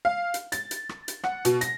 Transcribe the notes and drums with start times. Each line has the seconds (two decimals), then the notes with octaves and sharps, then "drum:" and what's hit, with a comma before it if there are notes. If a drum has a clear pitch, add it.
0.05 F5
0.34 drum: hi-hat
0.52 A6, drum: hi-hat
0.71 drum: hi-hat
0.89 drum: rim click
1.08 drum: hi-hat
1.24 F#5, drum: rim click
1.45 B2, drum: hi-hat
1.61 A#6, drum: hi-hat